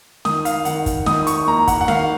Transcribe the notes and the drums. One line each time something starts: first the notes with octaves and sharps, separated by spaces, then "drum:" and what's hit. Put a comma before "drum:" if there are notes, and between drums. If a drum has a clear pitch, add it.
D#3 D#6, drum: snare
F5, drum: hi-hat
D#3 F#5, drum: hi-hat
drum: kick, hi-hat
D#3 D#6, drum: snare
C#6, drum: hi-hat
A#3 A#5
F#5, drum: kick, hi-hat
F#5
D#3 F5, drum: snare